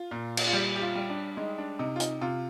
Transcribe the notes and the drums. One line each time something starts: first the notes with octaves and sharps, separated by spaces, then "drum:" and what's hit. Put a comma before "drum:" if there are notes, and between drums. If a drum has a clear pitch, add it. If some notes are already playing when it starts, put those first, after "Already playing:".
Already playing: F4
A#2
drum: cymbal
F4
G3 G4
G4
F4
G3
D4
G#3 D#4
D4
C3 D#4
F4
D#4, drum: hi-hat
C3 F4